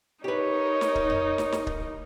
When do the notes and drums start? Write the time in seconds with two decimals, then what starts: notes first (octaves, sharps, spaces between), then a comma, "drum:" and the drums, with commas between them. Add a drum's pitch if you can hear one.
0.24 D#4 G4 A#4 B4 C#5
0.81 drum: snare
0.95 drum: kick
1.10 drum: tom F2
1.38 drum: snare
1.52 drum: snare
1.67 drum: kick